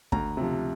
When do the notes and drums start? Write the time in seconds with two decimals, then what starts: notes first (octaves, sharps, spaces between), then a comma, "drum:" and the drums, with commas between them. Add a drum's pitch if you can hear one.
0.12 D2 A#5, drum: kick
0.37 C3 F3